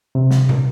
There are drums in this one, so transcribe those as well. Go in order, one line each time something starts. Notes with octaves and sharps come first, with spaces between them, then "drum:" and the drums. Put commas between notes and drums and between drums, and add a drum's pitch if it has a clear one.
C3
drum: snare
drum: tom